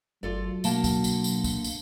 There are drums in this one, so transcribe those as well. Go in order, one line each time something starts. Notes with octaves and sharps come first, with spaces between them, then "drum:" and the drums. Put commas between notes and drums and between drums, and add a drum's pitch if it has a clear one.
G1 F#3 F4 A4 D5
B2 D3 A#3 A5, drum: tambourine
drum: kick, tambourine
drum: tambourine
drum: tambourine
drum: kick, tambourine
drum: tambourine